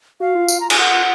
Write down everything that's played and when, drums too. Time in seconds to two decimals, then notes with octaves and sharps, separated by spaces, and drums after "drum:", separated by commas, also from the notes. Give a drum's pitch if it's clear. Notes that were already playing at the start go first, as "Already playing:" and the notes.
0.20 F#4 F5
0.35 F4
0.48 drum: tambourine
0.60 A#5
0.70 G#5, drum: cymbal
0.79 F#5